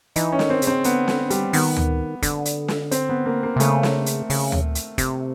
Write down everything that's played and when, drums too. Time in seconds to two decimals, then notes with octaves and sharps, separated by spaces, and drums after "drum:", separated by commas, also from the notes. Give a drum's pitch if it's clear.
0.16 E3 D#4, drum: hi-hat
0.32 C#4
0.39 D#3, drum: snare
0.50 C4
0.62 C#3, drum: hi-hat
0.67 C4
0.84 D3 B3, drum: hi-hat
1.08 drum: snare
1.30 G3, drum: hi-hat
1.53 D#3 B3, drum: open hi-hat
1.77 drum: tom D2
2.23 D3, drum: kick, hi-hat
2.45 drum: hi-hat
2.68 drum: snare
2.91 C4, drum: hi-hat
3.09 B3
3.26 A#3
3.43 A#3
3.56 C3
3.60 C#3 A3, drum: hi-hat
3.83 drum: snare
4.06 drum: hi-hat
4.30 C#3, drum: open hi-hat
4.52 drum: tom D2
4.75 drum: hi-hat
4.98 C3, drum: kick, hi-hat